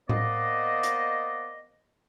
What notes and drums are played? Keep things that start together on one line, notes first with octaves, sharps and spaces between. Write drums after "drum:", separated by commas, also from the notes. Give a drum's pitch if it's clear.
A#3 B3 C5 D5 D#5, drum: tom A2
drum: hi-hat